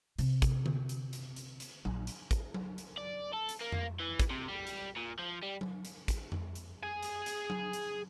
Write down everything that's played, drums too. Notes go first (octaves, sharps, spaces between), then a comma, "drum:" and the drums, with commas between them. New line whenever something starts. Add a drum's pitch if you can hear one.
C3, drum: hi-hat
drum: kick, hi-hat
drum: tom D3
drum: hi-hat
drum: hi-hat
drum: hi-hat
drum: hi-hat
A#1, drum: tom F#3
drum: hi-hat
drum: kick, hi-hat
drum: tom F#3
drum: hi-hat
D5
A4
drum: hi-hat
A#3
drum: tom F2
E3
drum: kick, hi-hat
C3
G3
drum: hi-hat
A#2
F3
G3
drum: tom F#3
drum: hi-hat
drum: kick, hi-hat
drum: tom F2
drum: hi-hat
G#4 G#5
drum: hi-hat
drum: hi-hat
drum: tom F#3
drum: hi-hat